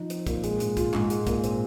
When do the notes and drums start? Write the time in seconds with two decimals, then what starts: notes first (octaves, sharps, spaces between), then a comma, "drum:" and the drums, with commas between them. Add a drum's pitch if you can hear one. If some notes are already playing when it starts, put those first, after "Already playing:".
Already playing: F3 D#4
0.10 C4, drum: hi-hat
0.27 A#2, drum: kick, hi-hat
0.44 G#3, drum: hi-hat
0.60 G#2, drum: hi-hat
0.77 F4, drum: kick, hi-hat
0.94 G#2, drum: clap
1.10 G#3, drum: hi-hat
1.27 A#2, drum: kick, hi-hat
1.44 C4, drum: hi-hat